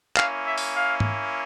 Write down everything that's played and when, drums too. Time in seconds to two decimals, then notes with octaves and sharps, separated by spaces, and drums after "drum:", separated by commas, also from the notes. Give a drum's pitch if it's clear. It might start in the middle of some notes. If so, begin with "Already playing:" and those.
0.16 A#3 C#4 E4 F5, drum: clap
0.46 E5
0.58 drum: open hi-hat
0.76 F5
1.00 drum: tom G#2